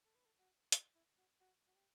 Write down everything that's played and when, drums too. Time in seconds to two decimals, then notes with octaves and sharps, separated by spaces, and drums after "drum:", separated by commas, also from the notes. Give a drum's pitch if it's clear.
0.05 A4
0.15 B4
0.26 A4
0.39 F#4
0.72 F#4, drum: hi-hat
0.95 E4
1.18 F#4
1.41 F#4
1.67 F#4
1.75 G4